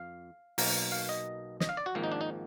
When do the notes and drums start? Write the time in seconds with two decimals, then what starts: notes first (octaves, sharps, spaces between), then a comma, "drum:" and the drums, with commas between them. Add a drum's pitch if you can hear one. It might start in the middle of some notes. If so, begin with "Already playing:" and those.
Already playing: F2 F5
0.58 B1 B2 A#3 A#4, drum: open hi-hat
0.92 F5
1.09 D#5
1.60 D#5, drum: snare
1.69 F5
1.77 D5
1.86 F#4
1.95 G#1 G#2 F3 A#3
2.04 D#4
2.12 D4
2.21 D#4